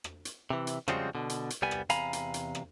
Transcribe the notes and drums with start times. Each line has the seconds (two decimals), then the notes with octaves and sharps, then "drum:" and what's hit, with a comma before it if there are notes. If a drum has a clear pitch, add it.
0.04 drum: rim click
0.25 drum: hi-hat
0.50 C3 E3
0.67 drum: hi-hat
0.88 C#3 F3 G3 G#3 C4 F#4, drum: rim click
1.15 B2 D3
1.29 drum: hi-hat
1.50 drum: hi-hat
1.62 C2 G3 B3 G#5
1.71 drum: rim click
1.90 E2 C3 F5 G#5 A#5 B5, drum: hi-hat
2.13 drum: hi-hat
2.34 drum: hi-hat
2.55 drum: rim click